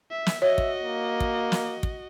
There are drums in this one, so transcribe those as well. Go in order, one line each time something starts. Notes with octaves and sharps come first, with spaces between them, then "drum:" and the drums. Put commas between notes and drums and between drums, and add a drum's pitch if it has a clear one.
E5
drum: snare
F#4 C#5 D#5 E5
drum: kick
A#3
drum: kick
drum: snare
drum: kick